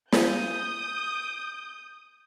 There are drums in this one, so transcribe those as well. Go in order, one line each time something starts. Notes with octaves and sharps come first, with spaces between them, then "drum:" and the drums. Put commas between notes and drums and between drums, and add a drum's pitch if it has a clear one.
D#6 G6, drum: snare